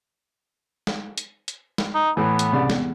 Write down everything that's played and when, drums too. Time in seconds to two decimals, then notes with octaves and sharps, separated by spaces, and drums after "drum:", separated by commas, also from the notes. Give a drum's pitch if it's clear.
0.87 drum: snare
1.18 drum: hi-hat
1.48 drum: hi-hat
1.78 drum: snare
1.95 D#4
2.17 A2 E3 B3
2.39 drum: hi-hat
2.52 C2 C#3 D5
2.70 E2, drum: snare